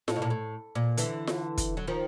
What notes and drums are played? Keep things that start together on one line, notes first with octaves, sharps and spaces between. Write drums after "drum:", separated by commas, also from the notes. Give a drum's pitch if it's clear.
A2, drum: snare F4
B2
A#2
A2
A#2
D3 E3, drum: hi-hat
drum: snare F4
drum: kick, hi-hat
F#3
D#3 F3